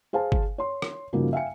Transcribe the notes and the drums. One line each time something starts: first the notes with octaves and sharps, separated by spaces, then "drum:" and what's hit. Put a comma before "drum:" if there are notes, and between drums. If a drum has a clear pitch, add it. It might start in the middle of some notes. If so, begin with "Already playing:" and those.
G#4 C5 F5 G#5 A5
drum: kick G1
C#5 C6
drum: rim click
G2 C#3 F3 A#3 D#4 F#4
E5 F5 G5 G#5 C#7